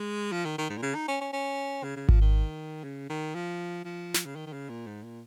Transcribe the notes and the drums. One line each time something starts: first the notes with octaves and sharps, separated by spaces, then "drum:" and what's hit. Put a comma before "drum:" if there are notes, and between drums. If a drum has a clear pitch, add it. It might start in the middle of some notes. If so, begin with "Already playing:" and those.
Already playing: G#3
F3
D#3
D#3
G#2
A#2
C#3
D#4
C#4
C#4
C#4
C#3
C#3
F3, drum: kick G#1
D#3
C#3
D#3
F3
F3
drum: snare
C#3
D#3
D#3
C#3
A#2
G#2
A#2